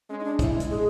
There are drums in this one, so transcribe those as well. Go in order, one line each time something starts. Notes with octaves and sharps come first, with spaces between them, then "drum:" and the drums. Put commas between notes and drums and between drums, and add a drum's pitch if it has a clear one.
G#3 C#4
D#4
D4
G#3 E4, drum: kick, hi-hat
drum: hi-hat
G#4